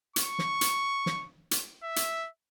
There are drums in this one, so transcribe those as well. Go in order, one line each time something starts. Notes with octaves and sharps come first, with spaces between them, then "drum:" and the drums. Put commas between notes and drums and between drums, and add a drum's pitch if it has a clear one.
C#6, drum: hi-hat
drum: snare
drum: hi-hat
drum: snare
drum: hi-hat
E5
drum: hi-hat